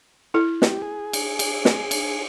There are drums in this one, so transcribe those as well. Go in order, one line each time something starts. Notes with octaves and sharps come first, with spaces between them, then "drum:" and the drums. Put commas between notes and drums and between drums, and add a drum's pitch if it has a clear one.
E4 A4
G4, drum: snare
G#4
drum: cymbal
drum: cymbal
drum: snare
drum: cymbal